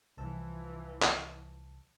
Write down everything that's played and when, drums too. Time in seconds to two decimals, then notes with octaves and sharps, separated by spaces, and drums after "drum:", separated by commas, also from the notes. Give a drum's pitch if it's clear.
0.17 C2 E3 F3 A5 E6
1.02 drum: clap